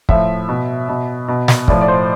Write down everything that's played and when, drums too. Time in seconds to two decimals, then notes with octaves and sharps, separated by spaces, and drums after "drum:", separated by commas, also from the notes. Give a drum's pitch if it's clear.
0.09 A2 F3 E5, drum: kick
0.49 B2
0.89 B2
1.28 B2
1.48 drum: snare
1.68 A2 F3 D5, drum: kick
1.81 D5
1.88 C5